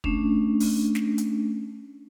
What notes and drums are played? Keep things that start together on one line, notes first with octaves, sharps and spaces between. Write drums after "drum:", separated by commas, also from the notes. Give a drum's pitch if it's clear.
A3 C#4 D4, drum: kick
drum: open hi-hat
drum: snare
drum: hi-hat